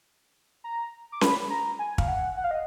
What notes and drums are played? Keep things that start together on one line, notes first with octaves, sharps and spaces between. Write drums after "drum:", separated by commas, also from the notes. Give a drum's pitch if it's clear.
A#5
D6
B5, drum: snare C#4
A#5
G#5
F5, drum: kick
F#5
F#5
F5
D#5